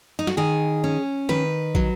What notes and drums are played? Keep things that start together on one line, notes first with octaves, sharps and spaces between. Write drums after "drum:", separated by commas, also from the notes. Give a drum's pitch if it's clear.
D#4
F#4, drum: snare
D#3 G#4
C#4
D#3 B4
F#3, drum: kick